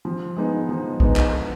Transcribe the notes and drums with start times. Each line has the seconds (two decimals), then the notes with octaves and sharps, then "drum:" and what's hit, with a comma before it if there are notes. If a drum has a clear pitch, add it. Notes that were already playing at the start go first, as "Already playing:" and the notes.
0.05 F3
0.37 G#3 B3 D#4
0.69 F3
1.00 G#3 B3 D#4, drum: kick
1.16 drum: clap
1.31 D3